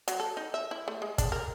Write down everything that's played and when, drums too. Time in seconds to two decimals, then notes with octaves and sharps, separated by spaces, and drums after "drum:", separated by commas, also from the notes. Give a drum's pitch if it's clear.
0.08 F#3, drum: hi-hat
0.20 A4
0.37 D#4
0.54 E5
0.71 E4
0.88 A3
1.02 G#3
1.18 D4, drum: kick, hi-hat
1.32 A#4